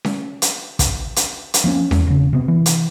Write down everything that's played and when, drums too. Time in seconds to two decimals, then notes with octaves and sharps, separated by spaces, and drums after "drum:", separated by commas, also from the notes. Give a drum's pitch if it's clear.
0.05 drum: snare C#4
0.42 drum: hi-hat
0.79 drum: kick, hi-hat
1.16 drum: hi-hat
1.54 drum: hi-hat
1.64 F3 A#3 B3 C#4
1.91 E2, drum: snare C#4
2.07 E1 C#3
2.33 C3 B3
2.48 E3
2.66 drum: hi-hat